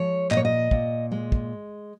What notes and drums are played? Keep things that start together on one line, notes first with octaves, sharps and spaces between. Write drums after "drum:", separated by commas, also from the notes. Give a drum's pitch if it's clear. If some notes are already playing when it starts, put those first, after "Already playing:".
Already playing: F3 G#3 C#5
A#2 D#5, drum: clap
C#5
D#5
A#2, drum: kick
G#3
drum: kick